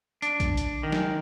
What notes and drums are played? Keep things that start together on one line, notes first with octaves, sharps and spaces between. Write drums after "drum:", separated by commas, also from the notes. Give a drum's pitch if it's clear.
D4, drum: hi-hat
drum: kick A#1, hi-hat
drum: hi-hat
D#3
drum: snare